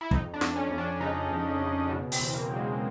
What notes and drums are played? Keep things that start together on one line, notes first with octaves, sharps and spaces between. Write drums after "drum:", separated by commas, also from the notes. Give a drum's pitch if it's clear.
E4
F2 D#4, drum: kick
D4
F2, drum: snare
C#4
F2
D4
C#3 D#4
F2
C#3
B2 D4
C4, drum: open hi-hat
E2
A#3
F#3
G#3